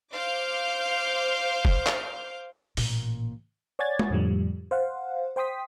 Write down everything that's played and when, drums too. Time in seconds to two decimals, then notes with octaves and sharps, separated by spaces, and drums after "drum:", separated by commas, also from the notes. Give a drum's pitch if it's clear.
0.12 C5 F5 D6 F6 G6
1.65 drum: kick
1.86 drum: clap
2.77 A1 A#2, drum: open hi-hat
3.79 C#5 D5 F#5 G#5 G#6 A6
3.99 drum: tom G#3
4.10 F2 A2 D3 F3 G3
4.71 C5 F5 F#5
5.36 C5 G5 C6 D#6 B6